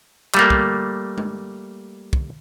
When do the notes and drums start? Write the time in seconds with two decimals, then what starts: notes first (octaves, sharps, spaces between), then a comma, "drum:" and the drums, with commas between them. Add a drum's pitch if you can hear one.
0.35 G3 A3 A#3, drum: clap
0.50 drum: kick
1.18 drum: tom G#3
2.13 drum: kick